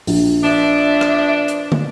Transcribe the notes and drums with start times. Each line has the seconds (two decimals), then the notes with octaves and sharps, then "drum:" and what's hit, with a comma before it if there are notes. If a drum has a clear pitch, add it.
0.07 A#1, drum: open hi-hat
0.43 F3 B3 D4 E5
1.01 drum: rim click
1.48 drum: hi-hat
1.72 drum: tom